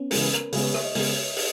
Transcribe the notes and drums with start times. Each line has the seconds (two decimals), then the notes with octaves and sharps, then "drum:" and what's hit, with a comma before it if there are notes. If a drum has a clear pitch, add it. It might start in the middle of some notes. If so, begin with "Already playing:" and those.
Already playing: B3 C#4
0.11 C#3 E3 G#3 A#4, drum: open hi-hat
0.23 B4
0.33 A#4, drum: hi-hat
0.52 C#3 G#3 B3 B4, drum: open hi-hat
0.63 C#5
0.74 E5, drum: rim click
0.84 D#5
0.95 C#3 G#3 B3 A#4, drum: open hi-hat
1.36 drum: open hi-hat